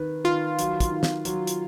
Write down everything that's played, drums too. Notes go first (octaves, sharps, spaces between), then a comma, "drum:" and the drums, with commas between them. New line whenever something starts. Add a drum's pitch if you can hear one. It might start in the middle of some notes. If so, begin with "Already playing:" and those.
Already playing: D#3 B4
D#3 F4
F#3, drum: hi-hat
drum: kick, hi-hat
D#3
drum: snare
F#3, drum: hi-hat
drum: hi-hat